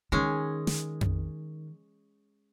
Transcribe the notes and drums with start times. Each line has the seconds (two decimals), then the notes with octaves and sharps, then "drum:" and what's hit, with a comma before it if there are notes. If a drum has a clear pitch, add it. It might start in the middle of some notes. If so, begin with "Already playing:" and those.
0.12 D#3 G#3 C#4
0.67 drum: snare
1.01 drum: tom F2